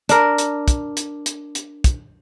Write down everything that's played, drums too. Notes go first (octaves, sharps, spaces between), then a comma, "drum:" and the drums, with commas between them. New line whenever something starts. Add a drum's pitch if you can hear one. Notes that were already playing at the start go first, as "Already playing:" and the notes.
D4 A#4, drum: hi-hat
drum: hi-hat
drum: kick, hi-hat
drum: hi-hat
drum: hi-hat
drum: hi-hat
drum: kick, hi-hat